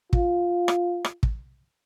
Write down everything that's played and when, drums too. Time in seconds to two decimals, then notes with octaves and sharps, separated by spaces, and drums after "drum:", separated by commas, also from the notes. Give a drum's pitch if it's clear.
0.13 F4, drum: kick
0.68 drum: rim click
1.04 drum: rim click
1.23 drum: kick